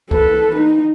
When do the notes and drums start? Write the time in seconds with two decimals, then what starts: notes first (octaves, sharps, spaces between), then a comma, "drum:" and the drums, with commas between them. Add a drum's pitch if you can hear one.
0.11 A4 B4, drum: kick C2
0.56 D#4